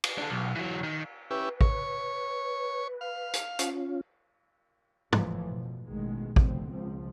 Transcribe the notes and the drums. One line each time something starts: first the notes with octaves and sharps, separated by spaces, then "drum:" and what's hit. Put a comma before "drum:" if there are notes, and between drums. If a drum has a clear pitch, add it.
drum: cymbal
D4 A4
B1
E3 F#3
D#3
C#4 E4 G4 B4
C#5, drum: kick A1
F5
drum: hi-hat
C#4 F4, drum: hi-hat
F#1 E2 A2 E3 F3, drum: tom
B2
A1 B2 D#3 G#3
F1 B2 D3 C4, drum: kick A1
C#2 F3